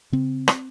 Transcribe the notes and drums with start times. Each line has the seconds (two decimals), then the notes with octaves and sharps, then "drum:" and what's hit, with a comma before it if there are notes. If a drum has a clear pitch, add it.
0.12 C#3 C4
0.48 drum: rim click